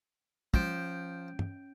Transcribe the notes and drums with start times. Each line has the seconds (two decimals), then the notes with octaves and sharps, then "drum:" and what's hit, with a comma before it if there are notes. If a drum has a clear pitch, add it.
0.54 F3 C#4 G6 D7, drum: kick
1.39 drum: tom